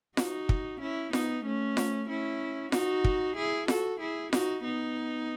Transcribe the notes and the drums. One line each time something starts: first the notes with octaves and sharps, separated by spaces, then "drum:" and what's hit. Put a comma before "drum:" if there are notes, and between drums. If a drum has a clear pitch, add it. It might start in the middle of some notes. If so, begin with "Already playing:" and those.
D#4 F#4, drum: snare F4
drum: kick
C#4 E4
B3 D#4, drum: snare F4
A3 C#4
drum: snare F4
C#4 E4
D#4 F#4, drum: snare F4
drum: kick
E4 G#4
F#4 A4, drum: snare F4
E4 G#4
D#4 F#4, drum: snare F4
B3 D#4